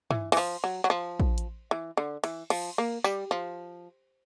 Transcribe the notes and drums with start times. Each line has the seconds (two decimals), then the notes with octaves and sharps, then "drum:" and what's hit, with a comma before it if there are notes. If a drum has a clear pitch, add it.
0.11 E3, drum: tom
0.32 E3, drum: cymbal
0.37 F3
0.64 F#3
0.84 F#3
0.90 F3
1.20 drum: kick
1.38 drum: hi-hat
1.71 E3
1.97 D3
2.24 E3, drum: cymbal
2.50 F3, drum: cymbal
2.78 A#3
3.04 G3, drum: tambourine
3.31 F3